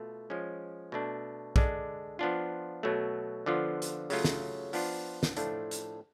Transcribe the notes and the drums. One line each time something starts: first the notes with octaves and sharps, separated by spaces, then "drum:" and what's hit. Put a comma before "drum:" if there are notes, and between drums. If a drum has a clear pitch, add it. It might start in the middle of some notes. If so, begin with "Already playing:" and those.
Already playing: B2 A3 F4
F3 G#3 C#4
B2 A3 D4
D3 G#3 D4, drum: kick A#1
F3 B3 D4 F4
B2 F#3 A3
D3 F3 B3 F4
drum: hi-hat
C#3 F#3 A3 F4, drum: open hi-hat
drum: snare
F3 B3 D4 F4, drum: open hi-hat
drum: snare
A2 F3 A3 D4 F4, drum: hi-hat
drum: hi-hat